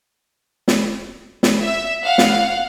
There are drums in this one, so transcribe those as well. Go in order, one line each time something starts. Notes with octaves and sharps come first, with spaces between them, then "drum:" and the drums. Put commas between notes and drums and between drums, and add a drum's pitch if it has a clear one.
drum: snare
drum: snare
E5
F5 F#5
drum: snare